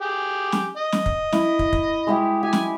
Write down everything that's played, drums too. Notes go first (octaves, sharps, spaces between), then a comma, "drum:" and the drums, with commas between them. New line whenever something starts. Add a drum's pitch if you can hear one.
G4 G#4
drum: snare
D#5
drum: snare
drum: kick
E4, drum: snare
drum: kick
drum: kick
G#3 E4 G4
G4 G#5
drum: snare